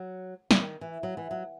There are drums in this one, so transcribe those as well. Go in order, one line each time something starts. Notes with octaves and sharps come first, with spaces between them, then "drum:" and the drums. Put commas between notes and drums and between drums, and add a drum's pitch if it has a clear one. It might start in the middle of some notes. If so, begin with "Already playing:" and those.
Already playing: F#3
C#3, drum: snare
D#3
E3
F#3
E3
F#3